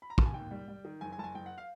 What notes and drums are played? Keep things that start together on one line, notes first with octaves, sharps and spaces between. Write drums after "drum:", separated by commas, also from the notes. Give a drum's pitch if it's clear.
B5
A#5
A5, drum: kick
G#5
D#2 G5
G3
G3
D#3
F#1 G#5
G#5
F#1 A5
G#5
F#1 G5
F#5
F5